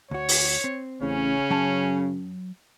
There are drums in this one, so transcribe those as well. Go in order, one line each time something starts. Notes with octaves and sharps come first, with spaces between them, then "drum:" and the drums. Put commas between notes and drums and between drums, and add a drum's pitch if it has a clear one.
D2 F#4 C#5
drum: open hi-hat
C4
A1 C#3 C#4
F#2 F#3 G5 A5